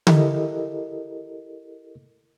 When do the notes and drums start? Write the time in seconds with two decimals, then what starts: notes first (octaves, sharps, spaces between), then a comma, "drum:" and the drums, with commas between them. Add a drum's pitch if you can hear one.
0.07 E4 G4 A4 A#4 D#5, drum: tom D3